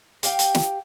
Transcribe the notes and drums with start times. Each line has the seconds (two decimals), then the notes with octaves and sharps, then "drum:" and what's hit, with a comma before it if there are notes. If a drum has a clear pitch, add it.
0.23 G4 F5 G5, drum: hi-hat
0.39 drum: hi-hat
0.55 drum: snare